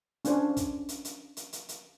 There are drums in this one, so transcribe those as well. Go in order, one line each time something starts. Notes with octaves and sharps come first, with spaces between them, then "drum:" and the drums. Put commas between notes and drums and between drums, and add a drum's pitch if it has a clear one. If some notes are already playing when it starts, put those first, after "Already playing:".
C#4 D4 C5, drum: hi-hat
drum: kick, hi-hat
drum: hi-hat
drum: hi-hat
drum: hi-hat
drum: hi-hat
drum: hi-hat